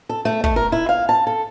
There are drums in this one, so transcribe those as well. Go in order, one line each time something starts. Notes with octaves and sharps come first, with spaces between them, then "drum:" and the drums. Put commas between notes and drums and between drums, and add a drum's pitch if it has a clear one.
A4
A3
A3, drum: kick
A#4
E4
F5
A5
A4